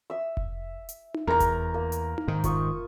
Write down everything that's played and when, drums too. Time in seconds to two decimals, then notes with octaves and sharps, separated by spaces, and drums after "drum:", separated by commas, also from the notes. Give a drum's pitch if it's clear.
0.10 E5 E6
0.37 drum: kick F1
0.89 drum: hi-hat
1.14 drum: tom D#4
1.27 E2 A#4 A#5
1.40 drum: kick F1, hi-hat
1.74 A#3
1.92 drum: hi-hat
2.18 drum: tom D#4
2.28 G#2 D#3
2.44 F4 C#6 D#6, drum: kick F1, hi-hat